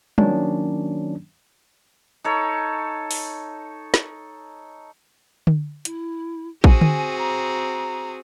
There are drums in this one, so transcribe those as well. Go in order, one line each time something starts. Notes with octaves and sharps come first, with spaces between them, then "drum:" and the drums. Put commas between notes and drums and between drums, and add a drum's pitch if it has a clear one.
D#3 F#3 A#3 C#4 D4, drum: tom G3
D#4 A4 C#5
drum: open hi-hat
drum: snare
drum: tom D3
E4, drum: hi-hat
C4 F#4 G#4 G#5, drum: kick
drum: tom D3
A#5